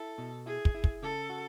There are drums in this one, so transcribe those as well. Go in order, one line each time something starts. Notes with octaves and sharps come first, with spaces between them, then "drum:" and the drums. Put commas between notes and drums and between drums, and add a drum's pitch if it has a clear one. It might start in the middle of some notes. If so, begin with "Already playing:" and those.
Already playing: E4 A4
B2
E4 G#4
drum: kick
E4
drum: kick
C#3 A4
F#4